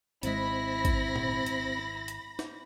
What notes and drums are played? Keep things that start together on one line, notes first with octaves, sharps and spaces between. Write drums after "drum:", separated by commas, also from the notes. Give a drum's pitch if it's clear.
G#1 G#3 C4 E4 B5 A#6, drum: hi-hat
drum: kick, hi-hat
drum: tom A#2
drum: hi-hat
drum: hi-hat
drum: snare